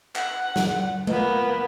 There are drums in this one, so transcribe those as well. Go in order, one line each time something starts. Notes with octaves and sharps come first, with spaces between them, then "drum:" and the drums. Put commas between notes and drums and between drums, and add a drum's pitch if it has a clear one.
F#5, drum: clap
drum: snare
A#3 B3, drum: tom G#3